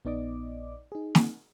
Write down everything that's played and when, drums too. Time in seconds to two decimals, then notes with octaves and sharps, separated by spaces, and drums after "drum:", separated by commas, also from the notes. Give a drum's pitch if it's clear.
0.05 A#1 B3 D#4 D5 D#5 D6
0.92 D#4 G#4
1.15 drum: snare